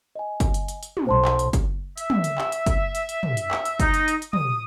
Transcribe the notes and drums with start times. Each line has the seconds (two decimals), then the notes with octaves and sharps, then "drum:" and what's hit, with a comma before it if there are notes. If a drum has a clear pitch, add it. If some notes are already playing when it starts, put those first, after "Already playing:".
0.16 D#5 G#5
0.40 drum: kick F#1, hi-hat
0.54 drum: hi-hat
0.68 drum: hi-hat
0.83 drum: hi-hat
0.97 drum: tom
1.07 B1 C5 A5 C6
1.25 drum: clap
1.39 drum: hi-hat
1.53 drum: kick F#1, hi-hat
1.98 E5, drum: hi-hat
2.10 drum: tom
2.24 drum: hi-hat
2.38 drum: clap
2.52 drum: hi-hat
2.66 drum: kick F#1, hi-hat
2.95 drum: hi-hat
3.09 drum: hi-hat
3.23 drum: tom
3.37 drum: hi-hat
3.51 drum: clap
3.65 drum: hi-hat
3.80 D#4, drum: kick F#1, hi-hat
3.94 drum: hi-hat
4.08 drum: hi-hat
4.22 drum: hi-hat
4.33 D#6, drum: tom